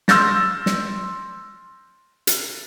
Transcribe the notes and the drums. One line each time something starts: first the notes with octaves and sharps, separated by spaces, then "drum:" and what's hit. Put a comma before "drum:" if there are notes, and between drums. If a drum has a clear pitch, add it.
C6 E6 F6 G6 A6 A#6, drum: snare
drum: snare
drum: hi-hat